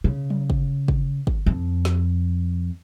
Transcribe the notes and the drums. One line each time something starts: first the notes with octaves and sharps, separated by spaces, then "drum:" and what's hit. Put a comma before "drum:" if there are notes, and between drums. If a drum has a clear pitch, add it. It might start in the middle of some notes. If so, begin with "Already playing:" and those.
C#3
drum: tom F#3
drum: kick
drum: kick
drum: kick
F2
drum: snare